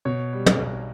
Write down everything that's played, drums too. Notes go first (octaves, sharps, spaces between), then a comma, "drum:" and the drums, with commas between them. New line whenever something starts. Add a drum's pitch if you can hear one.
B2 C#5
G3
drum: tom
B1